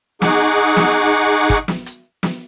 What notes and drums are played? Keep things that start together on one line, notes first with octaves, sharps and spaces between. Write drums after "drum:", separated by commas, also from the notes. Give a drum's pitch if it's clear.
D#4 G#4 F#5 C#6 D6, drum: snare
drum: hi-hat
drum: snare
drum: kick
drum: snare
drum: hi-hat
drum: snare